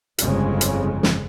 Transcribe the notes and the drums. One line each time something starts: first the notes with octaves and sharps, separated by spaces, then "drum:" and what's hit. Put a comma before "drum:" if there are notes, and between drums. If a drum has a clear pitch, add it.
G1 F2 C#3 G#3, drum: hi-hat
drum: hi-hat
drum: snare